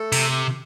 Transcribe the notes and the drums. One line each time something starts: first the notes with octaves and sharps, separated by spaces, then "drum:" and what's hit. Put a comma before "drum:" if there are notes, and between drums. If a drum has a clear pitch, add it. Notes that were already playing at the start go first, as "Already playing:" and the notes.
Already playing: A3 A4
C3, drum: open hi-hat